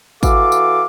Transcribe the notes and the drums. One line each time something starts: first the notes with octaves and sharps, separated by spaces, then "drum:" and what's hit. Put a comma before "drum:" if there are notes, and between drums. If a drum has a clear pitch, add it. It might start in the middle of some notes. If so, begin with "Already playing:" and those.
E3 F#4 A4 F5 D6, drum: kick G#1, tambourine
drum: tambourine